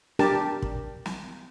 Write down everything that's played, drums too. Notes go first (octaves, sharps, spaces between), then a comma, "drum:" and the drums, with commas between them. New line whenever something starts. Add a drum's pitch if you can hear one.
D4 G4 A#4 A5, drum: snare
drum: kick
drum: snare